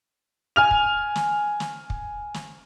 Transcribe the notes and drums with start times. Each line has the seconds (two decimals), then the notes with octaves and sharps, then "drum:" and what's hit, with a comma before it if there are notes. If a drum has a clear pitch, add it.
0.56 G#5 F6 F7
0.71 drum: kick
1.16 drum: snare
1.60 drum: snare
1.90 drum: kick
2.34 drum: snare